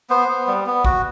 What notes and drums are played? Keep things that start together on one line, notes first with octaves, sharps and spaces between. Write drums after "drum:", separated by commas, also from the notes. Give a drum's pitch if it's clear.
B3 C5
B3
G3
B3
F#4, drum: kick